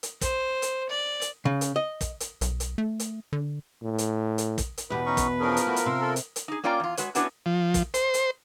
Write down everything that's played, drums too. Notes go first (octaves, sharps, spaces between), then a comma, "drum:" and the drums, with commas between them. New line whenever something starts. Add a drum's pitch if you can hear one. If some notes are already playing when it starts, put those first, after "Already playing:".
drum: hi-hat
C5, drum: kick, hi-hat
drum: hi-hat
D5
drum: hi-hat
C#3
drum: hi-hat
D#5
drum: kick, hi-hat
drum: hi-hat
B1, drum: hi-hat
drum: hi-hat
A3
drum: hi-hat
D3
A2
drum: hi-hat
drum: hi-hat
drum: kick, hi-hat
drum: hi-hat
E2 B2 G4 B4
C#4 D#4 C#6
drum: kick, hi-hat
F3 C#4 D4 G#4 A#4
drum: hi-hat
A3 E4 F#4
drum: hi-hat
C3 C6 E6
A4
drum: hi-hat
drum: hi-hat
D#4 G#4
A#3 C#4 F4 D5 G5 A#5
E2 F4
G#3 F#4 B4 C#5, drum: hi-hat
B3 C#4 D4 E4 F#4 B4, drum: hi-hat
F3
drum: kick, hi-hat
C5, drum: hi-hat
drum: hi-hat